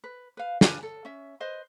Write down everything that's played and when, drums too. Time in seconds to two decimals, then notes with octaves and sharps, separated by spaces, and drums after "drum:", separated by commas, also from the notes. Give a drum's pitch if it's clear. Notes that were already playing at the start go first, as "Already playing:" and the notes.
0.04 B4
0.37 B4 F5
0.61 D4 F4 B4 G#5, drum: snare
0.83 A4
1.05 C#4 E5
1.40 B4 C5 D#5